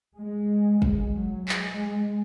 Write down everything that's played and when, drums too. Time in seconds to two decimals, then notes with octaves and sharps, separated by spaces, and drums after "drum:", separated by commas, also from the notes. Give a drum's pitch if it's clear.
0.17 G#3
0.82 G#3, drum: kick
1.15 F#3
1.49 G#3, drum: clap